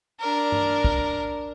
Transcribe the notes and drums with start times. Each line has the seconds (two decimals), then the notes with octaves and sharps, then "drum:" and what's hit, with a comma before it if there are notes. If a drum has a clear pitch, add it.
0.20 D4 A#4
0.52 drum: tom G2
0.84 drum: kick